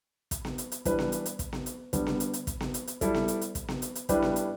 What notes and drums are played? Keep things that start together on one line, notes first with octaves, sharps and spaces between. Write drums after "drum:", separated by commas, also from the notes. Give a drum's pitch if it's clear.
drum: kick, hi-hat
drum: snare B3
drum: hi-hat
drum: hi-hat
E3 G3 D4 B4, drum: kick, hi-hat
drum: snare B3
drum: hi-hat
drum: hi-hat
drum: kick, hi-hat
drum: snare B3
drum: hi-hat
D3 G3 B3, drum: kick, hi-hat
drum: snare B3
drum: hi-hat
drum: hi-hat
drum: kick, hi-hat
drum: snare B3
drum: hi-hat
drum: hi-hat
G3 E4 A4, drum: kick, hi-hat
drum: snare B3
drum: hi-hat
drum: hi-hat
drum: kick, hi-hat
drum: snare B3
drum: hi-hat
drum: hi-hat
A2 G3 D4 G4 B4, drum: kick, hi-hat
drum: snare B3
drum: hi-hat